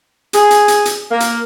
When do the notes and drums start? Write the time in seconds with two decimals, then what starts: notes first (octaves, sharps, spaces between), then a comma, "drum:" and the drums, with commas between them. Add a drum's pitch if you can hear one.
0.33 G#4, drum: hi-hat
0.51 drum: hi-hat
0.68 drum: hi-hat
0.85 drum: hi-hat
1.11 A#3
1.20 drum: hi-hat